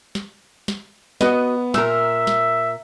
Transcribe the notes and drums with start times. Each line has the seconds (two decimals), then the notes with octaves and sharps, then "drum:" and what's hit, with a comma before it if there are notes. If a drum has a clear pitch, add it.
0.15 drum: snare
0.68 drum: snare
1.21 B3 F#4 D#5, drum: snare
1.74 A#2 A#4 E5 E6, drum: snare
2.27 drum: snare